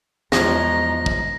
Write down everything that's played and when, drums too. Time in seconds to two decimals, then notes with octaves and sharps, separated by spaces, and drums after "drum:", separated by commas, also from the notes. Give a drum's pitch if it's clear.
0.32 A#1 E2 F3 G#3 D#4 C#5 A#6, drum: snare
1.06 drum: kick